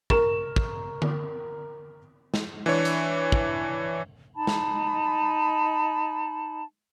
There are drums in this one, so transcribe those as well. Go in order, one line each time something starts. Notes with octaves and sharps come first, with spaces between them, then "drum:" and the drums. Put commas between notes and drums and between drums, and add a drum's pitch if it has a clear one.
A#4 C#6 E7, drum: kick
drum: kick
drum: tom D3
drum: snare
E3 D4 C#5
drum: hi-hat
drum: kick
D#4 A5 B5
drum: snare